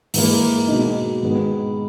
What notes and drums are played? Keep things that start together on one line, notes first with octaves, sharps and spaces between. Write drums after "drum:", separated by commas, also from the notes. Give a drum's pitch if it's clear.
G#2 E3 A#3, drum: open hi-hat
B2 G#3 B3 D#4
G#2 D#3 G#3 B3 D#4